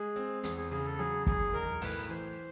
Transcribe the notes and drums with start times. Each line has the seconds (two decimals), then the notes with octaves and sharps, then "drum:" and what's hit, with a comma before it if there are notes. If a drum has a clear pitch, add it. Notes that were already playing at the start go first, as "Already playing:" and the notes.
Already playing: G#3 G#4
0.16 C4
0.43 E2 G#4, drum: hi-hat
0.57 G#4
0.71 C#3 G#4
0.85 A4
0.98 F#3 G#4
1.26 E2 G#4, drum: kick
1.54 B1 A#4
1.81 A2 B4, drum: open hi-hat
2.09 E3 C5